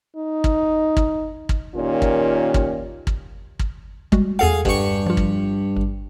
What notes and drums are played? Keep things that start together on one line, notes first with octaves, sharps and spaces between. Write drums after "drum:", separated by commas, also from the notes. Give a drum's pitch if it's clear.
D#4
drum: kick
drum: kick
drum: kick
A#2 D#3 C#4 F4 G4
drum: kick
drum: kick
drum: kick
drum: kick
G3 G#3 F#4, drum: kick
E2 G#4 A4 F5 F#5
G2 C#6, drum: kick
F3 F4
drum: kick
G#1